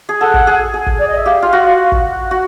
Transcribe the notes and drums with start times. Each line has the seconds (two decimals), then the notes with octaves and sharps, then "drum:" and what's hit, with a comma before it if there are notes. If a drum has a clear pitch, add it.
0.09 G#4
0.21 A4 F#5
0.34 drum: kick
0.47 G#4
0.74 G#4
0.86 drum: kick
0.99 D5
1.08 D#5
1.17 E5
1.26 G4 F5
1.42 F4
1.53 F#4
1.92 drum: kick
2.31 F#4